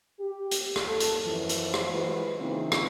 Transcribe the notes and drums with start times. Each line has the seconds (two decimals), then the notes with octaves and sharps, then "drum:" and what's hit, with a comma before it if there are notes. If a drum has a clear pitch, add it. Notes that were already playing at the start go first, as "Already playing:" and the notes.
0.20 G4
0.51 drum: hi-hat
0.76 drum: rim click
0.86 D#2 A4
1.00 drum: hi-hat
1.25 F#2 E3 F3
1.49 drum: hi-hat
1.74 drum: rim click
1.90 E3 F3 G#3 F#4 B4 C5
2.40 C#3 E3 A#3 C4 D#4 F4
2.72 drum: rim click